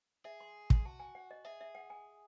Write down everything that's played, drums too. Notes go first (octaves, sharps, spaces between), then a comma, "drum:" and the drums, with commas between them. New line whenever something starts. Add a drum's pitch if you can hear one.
G#4 E5
C6
C6, drum: kick
F#4 A5
G#5
F#5
D#5
G#4 E5
E5
F#5
G#5